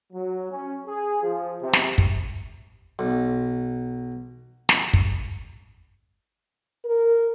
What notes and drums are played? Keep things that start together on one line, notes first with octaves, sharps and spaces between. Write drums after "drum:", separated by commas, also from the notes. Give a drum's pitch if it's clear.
F#3
C#4
G#4
F3
C3
drum: snare
drum: kick
B1
drum: snare
drum: kick
A#4